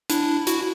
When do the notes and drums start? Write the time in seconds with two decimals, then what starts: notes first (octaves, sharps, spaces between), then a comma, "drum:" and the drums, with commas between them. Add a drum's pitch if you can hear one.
0.10 D4 E4, drum: hi-hat
0.47 E4 F#4, drum: hi-hat